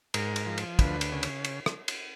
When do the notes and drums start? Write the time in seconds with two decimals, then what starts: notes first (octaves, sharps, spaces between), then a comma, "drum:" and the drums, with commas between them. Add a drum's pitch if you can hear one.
0.14 G#2 A#4, drum: cymbal
0.36 drum: cymbal
0.46 F3
0.58 drum: cymbal
0.79 D2 B4, drum: kick, cymbal
1.01 drum: cymbal
1.12 C#3
1.23 drum: cymbal
1.45 drum: cymbal
1.66 drum: rim click
1.88 drum: cymbal